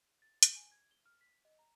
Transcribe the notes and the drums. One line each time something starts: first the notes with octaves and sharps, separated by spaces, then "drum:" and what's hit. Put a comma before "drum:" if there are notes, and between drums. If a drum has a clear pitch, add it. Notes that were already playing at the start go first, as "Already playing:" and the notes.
A6
G6, drum: hi-hat
G#5
G#6
G7
F6
B6
D#5
A#5